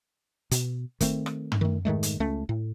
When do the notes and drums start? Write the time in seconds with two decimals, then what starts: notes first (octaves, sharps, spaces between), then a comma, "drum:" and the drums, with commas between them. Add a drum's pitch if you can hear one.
0.51 B2, drum: hi-hat
1.00 D#3 A3 C4, drum: kick G1, hi-hat
1.26 drum: rim click
1.52 drum: tom
1.61 D#3 A3
1.85 G#2 D#3 G#3 A3
2.03 drum: hi-hat
2.20 C#2 A3 C#4
2.49 A2